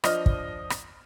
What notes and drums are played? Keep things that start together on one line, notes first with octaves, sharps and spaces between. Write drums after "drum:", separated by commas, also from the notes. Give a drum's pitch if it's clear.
F3 D4 D#5 F6, drum: rim click
drum: kick
drum: rim click